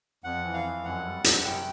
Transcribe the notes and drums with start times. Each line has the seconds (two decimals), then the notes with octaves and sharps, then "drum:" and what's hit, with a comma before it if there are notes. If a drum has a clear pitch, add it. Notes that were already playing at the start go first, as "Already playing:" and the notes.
0.24 F2 F#5
0.44 E3
0.54 F5
0.64 F2
0.84 F#2 F#5
1.05 G3
1.24 F#2, drum: hi-hat
1.45 C3 G5